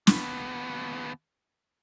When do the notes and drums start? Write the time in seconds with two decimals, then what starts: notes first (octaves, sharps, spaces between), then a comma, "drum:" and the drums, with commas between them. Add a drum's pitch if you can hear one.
0.07 D#2 B3, drum: snare